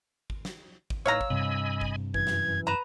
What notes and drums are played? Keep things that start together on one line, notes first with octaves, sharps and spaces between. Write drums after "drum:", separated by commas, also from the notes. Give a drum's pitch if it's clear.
drum: kick
drum: snare
drum: kick
A2 D#4 B4 C#5 F5 A#5 E6
drum: kick
G2 C3 D#5 G#5 B5
drum: kick
F#2 E3 G#6, drum: kick
drum: snare
B4 A#5 E7